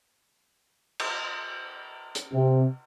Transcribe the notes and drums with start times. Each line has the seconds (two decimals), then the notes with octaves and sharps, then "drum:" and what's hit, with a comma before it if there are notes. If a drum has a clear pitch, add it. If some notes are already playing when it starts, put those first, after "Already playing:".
1.00 drum: cymbal
2.15 drum: hi-hat
2.34 C3